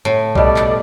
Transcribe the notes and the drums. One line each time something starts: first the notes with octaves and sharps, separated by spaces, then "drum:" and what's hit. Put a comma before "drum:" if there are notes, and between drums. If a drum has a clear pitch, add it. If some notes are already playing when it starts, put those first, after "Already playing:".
A2
B2 G3 A4 D5, drum: kick B1
drum: clap